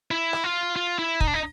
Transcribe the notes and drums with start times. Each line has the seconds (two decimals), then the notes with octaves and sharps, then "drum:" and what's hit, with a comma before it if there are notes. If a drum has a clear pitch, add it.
0.11 E4
0.33 drum: rim click
0.44 F4
0.76 F4
0.99 E4
1.20 D#4, drum: kick
1.27 D4
1.34 D#4